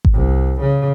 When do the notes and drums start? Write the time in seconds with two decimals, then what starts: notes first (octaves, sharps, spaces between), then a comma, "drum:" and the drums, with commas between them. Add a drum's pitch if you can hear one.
0.05 drum: kick G#1
0.14 C2
0.61 C#3